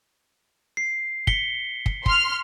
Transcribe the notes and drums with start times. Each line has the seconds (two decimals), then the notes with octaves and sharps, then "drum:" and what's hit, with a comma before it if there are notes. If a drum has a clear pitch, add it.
0.77 C7
1.27 B6 C#7 G7, drum: kick
1.86 drum: kick
2.06 C6 F6, drum: kick